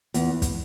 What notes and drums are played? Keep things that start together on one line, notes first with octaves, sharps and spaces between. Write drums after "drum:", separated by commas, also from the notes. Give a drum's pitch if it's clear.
E2, drum: hi-hat
drum: kick, hi-hat